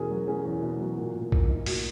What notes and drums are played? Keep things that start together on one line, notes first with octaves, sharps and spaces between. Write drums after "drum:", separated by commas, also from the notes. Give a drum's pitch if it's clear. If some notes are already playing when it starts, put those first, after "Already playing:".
Already playing: E2 B2 C#4 G#4 A#4
F#3 F#4
C#4 G#4
E2
B2
F#3
A#2
A#2
A#3, drum: kick A#1
D#4
A#2 F#4, drum: open hi-hat